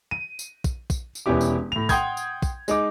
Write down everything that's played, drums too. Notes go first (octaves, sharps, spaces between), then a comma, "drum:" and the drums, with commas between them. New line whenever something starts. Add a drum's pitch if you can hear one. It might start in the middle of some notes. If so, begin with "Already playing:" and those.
D#7
drum: tambourine
drum: kick, tambourine
drum: kick, tambourine
drum: tambourine
E1 B3 C#4 E4 G4 D6
drum: tambourine
A2 F7
F#5 G5 C6 D#6 G6 G#6, drum: kick, tambourine
drum: tambourine
drum: kick, tambourine
G#3 D#4 D6, drum: tambourine